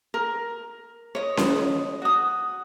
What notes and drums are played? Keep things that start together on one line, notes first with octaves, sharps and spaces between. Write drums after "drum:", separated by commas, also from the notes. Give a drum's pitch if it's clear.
A#4
C#5 D#5
drum: snare C#4
F#4 D#6